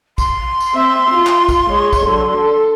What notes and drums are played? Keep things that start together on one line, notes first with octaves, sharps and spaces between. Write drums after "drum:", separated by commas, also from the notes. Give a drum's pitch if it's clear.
C6, drum: kick, tambourine
drum: tambourine
C4 E5
F4
drum: clap
drum: kick, tambourine
G#3 C#5
drum: kick, tambourine
D3 F#3
A4